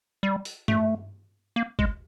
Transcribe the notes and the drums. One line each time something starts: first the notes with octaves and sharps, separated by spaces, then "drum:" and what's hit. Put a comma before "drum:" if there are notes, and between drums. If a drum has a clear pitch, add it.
G3
drum: open hi-hat
A3, drum: tom G2
A#3
G#3, drum: kick G#1